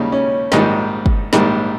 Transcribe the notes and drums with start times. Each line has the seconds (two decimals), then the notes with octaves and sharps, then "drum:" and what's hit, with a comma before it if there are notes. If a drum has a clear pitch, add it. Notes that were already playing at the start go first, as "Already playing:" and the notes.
Already playing: D#2 C#3 G3 D#4
0.12 C#4
0.52 A#1 G#2 D#3 G3 D#4, drum: snare
1.06 drum: kick
1.33 A#1 G#2 D#3 G3, drum: snare